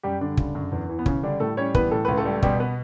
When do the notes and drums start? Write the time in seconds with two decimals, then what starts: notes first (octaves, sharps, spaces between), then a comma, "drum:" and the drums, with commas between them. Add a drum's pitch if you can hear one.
0.03 F#2 G3 G4
0.20 D3 G3 D4
0.37 C#3, drum: kick
0.55 F#2
0.72 E2
0.89 E3
0.99 B3
1.06 C#3 C#4, drum: kick
1.23 D3 G3 D4
1.40 A2 A3 A4
1.57 G3 C#4 C#5
1.75 E3 B3 B4, drum: kick
1.91 A2 A4
2.05 C#2 B4
2.17 A3 A4
2.25 G3
2.42 B2 G3 G4, drum: kick
2.60 B3 B4